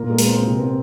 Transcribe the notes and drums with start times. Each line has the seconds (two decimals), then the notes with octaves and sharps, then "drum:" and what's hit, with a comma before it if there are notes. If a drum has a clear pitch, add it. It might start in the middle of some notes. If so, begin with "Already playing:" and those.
Already playing: A#2 A#3 A#4
0.10 G#3
0.19 A#4, drum: open hi-hat
0.27 C4
0.43 C3
0.59 C4